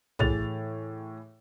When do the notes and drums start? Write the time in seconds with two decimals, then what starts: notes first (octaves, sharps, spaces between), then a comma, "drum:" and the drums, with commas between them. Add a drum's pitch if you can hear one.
0.19 A2 E3 G#4 A6 F7, drum: tom